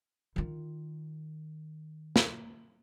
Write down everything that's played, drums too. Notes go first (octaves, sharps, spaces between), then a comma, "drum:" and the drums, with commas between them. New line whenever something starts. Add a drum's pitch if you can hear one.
D#3 F4
drum: snare